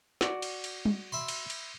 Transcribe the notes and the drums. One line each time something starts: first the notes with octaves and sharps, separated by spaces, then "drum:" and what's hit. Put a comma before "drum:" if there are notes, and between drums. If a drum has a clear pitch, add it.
F#4 D5, drum: snare
drum: cymbal
drum: cymbal
drum: tom G3
E5 B5 C6
drum: cymbal
drum: cymbal